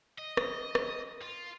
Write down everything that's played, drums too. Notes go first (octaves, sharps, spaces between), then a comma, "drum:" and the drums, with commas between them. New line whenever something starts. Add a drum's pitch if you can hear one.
D#5
drum: rim click
drum: rim click
F4